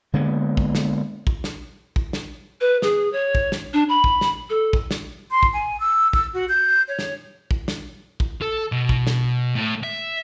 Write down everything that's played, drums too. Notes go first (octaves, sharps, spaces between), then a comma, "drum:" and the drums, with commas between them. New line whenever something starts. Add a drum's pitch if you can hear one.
D3 G#3 A#3 B3
drum: kick
drum: snare
drum: kick
drum: snare
drum: kick
drum: snare
B4
G#4, drum: snare
C#5
drum: kick
drum: snare
D4
B5
drum: kick
drum: snare
A4
drum: kick
drum: snare
C6
drum: kick
G#5
E6
E6, drum: kick
F#4
G6
C#5
drum: snare
drum: kick
drum: snare
drum: kick
A4
B2
drum: kick
drum: snare
A2
E5